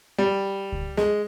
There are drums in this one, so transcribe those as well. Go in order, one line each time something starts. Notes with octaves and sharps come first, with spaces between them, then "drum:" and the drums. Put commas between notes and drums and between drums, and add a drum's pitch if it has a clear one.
G3
drum: kick C#2
G#3, drum: snare